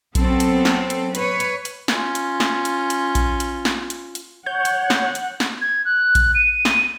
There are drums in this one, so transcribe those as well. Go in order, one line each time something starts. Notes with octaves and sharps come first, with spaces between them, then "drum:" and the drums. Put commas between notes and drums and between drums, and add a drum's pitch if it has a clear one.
F#3 B3 C4 A4, drum: kick A#1, hi-hat
drum: hi-hat
drum: snare
drum: hi-hat
B4 C#5, drum: hi-hat
drum: hi-hat
drum: hi-hat
C#4 F4, drum: snare
drum: hi-hat
drum: snare
drum: hi-hat
drum: hi-hat
drum: kick A#1, hi-hat
drum: hi-hat
drum: snare
drum: hi-hat
drum: hi-hat
C#5 F#5 G6
drum: hi-hat
drum: snare
drum: hi-hat
drum: snare
G#6
F#6
drum: kick A#1, hi-hat
D#7
drum: snare